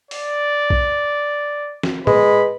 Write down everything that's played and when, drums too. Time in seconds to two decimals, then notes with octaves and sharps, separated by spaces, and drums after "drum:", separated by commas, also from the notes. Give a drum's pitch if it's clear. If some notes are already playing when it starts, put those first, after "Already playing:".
0.11 D5, drum: open hi-hat
0.70 drum: kick
1.83 drum: snare
2.07 G#3 B4 B5, drum: tom A2